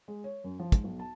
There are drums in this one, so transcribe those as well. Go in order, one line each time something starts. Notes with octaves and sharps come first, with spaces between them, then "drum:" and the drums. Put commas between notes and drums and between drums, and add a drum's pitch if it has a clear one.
G#3
C#5
F#2
F3
G#2, drum: kick, hi-hat
B1
A5